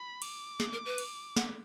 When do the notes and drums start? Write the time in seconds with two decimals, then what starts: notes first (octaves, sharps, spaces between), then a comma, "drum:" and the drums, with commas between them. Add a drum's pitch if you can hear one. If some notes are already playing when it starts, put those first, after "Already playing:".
Already playing: B5
0.22 D6, drum: cymbal
0.60 G#4, drum: snare
0.73 A#4
0.86 B4
0.98 drum: cymbal
1.37 F#5, drum: snare